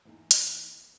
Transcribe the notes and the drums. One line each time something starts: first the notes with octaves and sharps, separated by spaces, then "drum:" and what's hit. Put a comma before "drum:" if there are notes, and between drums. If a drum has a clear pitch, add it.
E2 A#3 D#4
drum: hi-hat